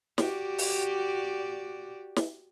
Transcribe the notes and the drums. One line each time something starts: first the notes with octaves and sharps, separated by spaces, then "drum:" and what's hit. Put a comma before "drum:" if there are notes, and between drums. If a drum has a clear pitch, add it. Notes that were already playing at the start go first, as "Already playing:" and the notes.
F#4 G4 D5, drum: snare
drum: open hi-hat
drum: snare